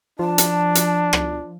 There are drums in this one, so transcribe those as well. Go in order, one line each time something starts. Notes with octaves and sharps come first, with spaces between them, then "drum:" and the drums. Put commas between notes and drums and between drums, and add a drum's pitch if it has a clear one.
F3 D4 A5
drum: hi-hat
drum: hi-hat
drum: rim click